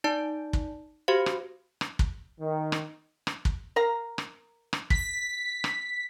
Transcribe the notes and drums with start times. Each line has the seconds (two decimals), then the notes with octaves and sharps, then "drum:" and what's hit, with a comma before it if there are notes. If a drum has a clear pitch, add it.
0.04 D#4 D5 A5
0.53 drum: kick
1.08 F#4 G4 C5 F5
1.26 drum: rim click
1.81 drum: rim click
1.99 drum: kick
2.40 D#3
2.72 drum: rim click
3.27 drum: rim click
3.45 drum: kick
3.76 A#4 F5 A#5
4.18 drum: rim click
4.73 drum: rim click
4.90 B6, drum: kick
5.64 drum: rim click